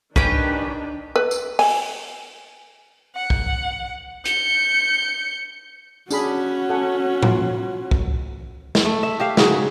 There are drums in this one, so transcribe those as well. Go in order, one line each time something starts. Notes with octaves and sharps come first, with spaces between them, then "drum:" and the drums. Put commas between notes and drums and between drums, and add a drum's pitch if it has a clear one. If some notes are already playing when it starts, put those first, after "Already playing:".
D#3 C#4 D4 G4 B4 D#5 G5, drum: kick
B4
drum: tambourine
G#5, drum: open hi-hat
F#5
drum: kick
G6 C#7, drum: hi-hat
C#4 D4 F#4 G#4 B5, drum: tambourine
A4 F#5 G#5
F4, drum: tom A2
drum: kick
drum: snare
A3
E5
G4 E5 F5
G#2 C#3 F#3, drum: snare